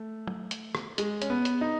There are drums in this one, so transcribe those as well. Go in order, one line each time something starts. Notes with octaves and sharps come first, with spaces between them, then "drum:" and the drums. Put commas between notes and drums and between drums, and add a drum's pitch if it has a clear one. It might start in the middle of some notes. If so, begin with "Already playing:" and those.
Already playing: A3
drum: tom
drum: hi-hat
drum: rim click
G#3, drum: hi-hat
C#4, drum: hi-hat
B3
drum: hi-hat
D#4